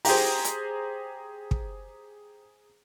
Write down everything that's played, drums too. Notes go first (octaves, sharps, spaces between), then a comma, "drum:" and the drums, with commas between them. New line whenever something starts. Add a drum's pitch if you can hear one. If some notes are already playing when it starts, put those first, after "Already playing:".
G4 G#4 C5 A#5, drum: open hi-hat
drum: hi-hat
drum: kick